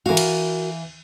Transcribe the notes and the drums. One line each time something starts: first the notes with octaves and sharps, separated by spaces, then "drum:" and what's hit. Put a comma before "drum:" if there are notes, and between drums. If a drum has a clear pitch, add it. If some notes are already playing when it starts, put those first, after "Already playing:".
E3 F#4 A#4 F5
drum: cymbal